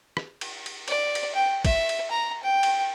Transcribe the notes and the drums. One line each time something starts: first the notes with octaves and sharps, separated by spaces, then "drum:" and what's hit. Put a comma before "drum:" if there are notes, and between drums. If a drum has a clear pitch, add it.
drum: rim click
drum: cymbal
drum: cymbal
D5, drum: cymbal
drum: cymbal
G5
E5, drum: kick, cymbal
drum: cymbal
A#5
G5
drum: cymbal